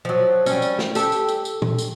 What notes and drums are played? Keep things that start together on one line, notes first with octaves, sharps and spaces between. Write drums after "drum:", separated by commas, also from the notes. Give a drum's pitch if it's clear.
F3 F#3
G3 C#4, drum: tambourine
drum: tambourine
drum: snare
G4 A4, drum: tambourine
drum: tambourine
drum: tambourine
drum: tambourine
drum: tom
drum: tambourine